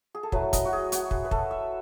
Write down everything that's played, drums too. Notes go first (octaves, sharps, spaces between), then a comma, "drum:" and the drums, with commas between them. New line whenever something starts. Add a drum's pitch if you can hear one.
G#4
A4
F#3 A3 E4 B4, drum: kick
D#5, drum: kick, hi-hat
F#4
G#4
F#4, drum: hi-hat
G#4, drum: kick
B4
A4, drum: kick
E5